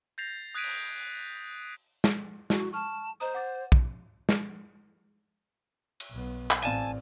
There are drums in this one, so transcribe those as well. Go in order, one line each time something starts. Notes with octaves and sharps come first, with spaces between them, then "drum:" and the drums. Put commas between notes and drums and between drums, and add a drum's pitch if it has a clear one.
G6 A6 A#6 C7 F7
D#6 F#6 G#6 B6 D7 D#7
drum: open hi-hat
drum: snare
E4 F#4, drum: snare
A5 C#6 F6
C5 D#5 A#5 D#6
F#5 D6 A6
drum: kick A#1
drum: snare
drum: cymbal
B1 B3
drum: clap
A1 C4 D5 F5 G#5 A5